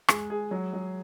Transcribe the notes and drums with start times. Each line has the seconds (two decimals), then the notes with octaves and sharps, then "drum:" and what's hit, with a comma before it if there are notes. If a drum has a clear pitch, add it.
0.08 G#3, drum: rim click
0.30 G#4
0.51 F#3
0.73 F#3